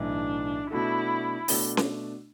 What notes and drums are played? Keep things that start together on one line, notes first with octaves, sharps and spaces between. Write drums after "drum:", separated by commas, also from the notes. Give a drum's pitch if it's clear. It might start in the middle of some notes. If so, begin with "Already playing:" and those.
Already playing: B1 A2 E3 D4
B2 A3 D4 E4 F#4 A4
B2 A3 D4 F#4 A4, drum: open hi-hat
drum: snare C#4